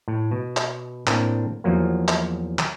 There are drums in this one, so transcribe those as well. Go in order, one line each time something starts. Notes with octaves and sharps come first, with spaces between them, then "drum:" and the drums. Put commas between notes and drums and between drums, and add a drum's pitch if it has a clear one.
A2
B2
drum: clap
A2 A#3 C4 D4, drum: clap
E2 F3 F#3 A#3
drum: clap
drum: clap